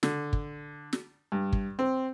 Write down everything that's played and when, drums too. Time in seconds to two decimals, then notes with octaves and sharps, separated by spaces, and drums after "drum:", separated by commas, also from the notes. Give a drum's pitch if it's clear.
0.03 D3, drum: snare
0.33 drum: kick
0.93 drum: snare
1.32 G2
1.53 drum: kick
1.79 C4